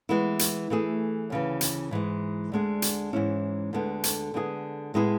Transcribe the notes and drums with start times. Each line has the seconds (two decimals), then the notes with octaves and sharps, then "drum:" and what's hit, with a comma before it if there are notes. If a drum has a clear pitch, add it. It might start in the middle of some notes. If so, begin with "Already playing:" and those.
0.09 E3 G#3 B3 E4
0.39 drum: hi-hat
0.70 E3 A3 E4 G#4
1.30 D2 C#3 E3
1.61 drum: hi-hat
1.91 G#2 E3 G#3
2.52 D2 D3 G#3 D4 G#4
2.82 drum: hi-hat
3.13 G#2 E3 G#3 C#4 E4
3.73 D2 D3 G#3 B3
4.04 drum: hi-hat
4.34 D3 G#3 B3 E4 G#4
4.94 A2 G#3 B3 E4 G#4